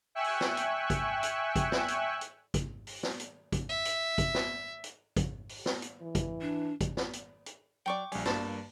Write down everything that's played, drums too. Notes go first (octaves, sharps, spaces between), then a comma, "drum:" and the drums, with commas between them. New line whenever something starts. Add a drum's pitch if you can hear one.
E5 G5 G#5 C#6 E6 F#6
drum: open hi-hat
drum: snare
drum: hi-hat
drum: kick, hi-hat
drum: hi-hat
drum: kick, hi-hat
drum: snare
drum: hi-hat
drum: hi-hat
drum: kick, hi-hat
drum: open hi-hat
drum: snare
drum: hi-hat
drum: kick, hi-hat
E5
drum: hi-hat
drum: kick, hi-hat
drum: snare
drum: hi-hat
drum: kick, hi-hat
drum: open hi-hat
drum: snare
drum: hi-hat
E3
drum: kick, hi-hat
D4
drum: kick, hi-hat
drum: snare
drum: hi-hat
drum: hi-hat
F#3 D5 G5 C#6 D6
A#1 G3 F4 G#5, drum: open hi-hat
G2 A#3 A5, drum: snare